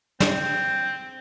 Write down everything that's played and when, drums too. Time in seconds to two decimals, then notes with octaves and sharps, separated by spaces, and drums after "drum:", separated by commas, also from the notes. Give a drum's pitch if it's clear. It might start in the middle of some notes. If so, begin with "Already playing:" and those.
0.20 C4, drum: snare